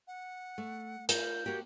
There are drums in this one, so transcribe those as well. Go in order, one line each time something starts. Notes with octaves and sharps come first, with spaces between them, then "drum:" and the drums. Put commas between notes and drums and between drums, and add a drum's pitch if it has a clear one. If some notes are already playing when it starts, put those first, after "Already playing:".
F#5
A3
F4 A#4 G6, drum: hi-hat
A#3 F#4 G4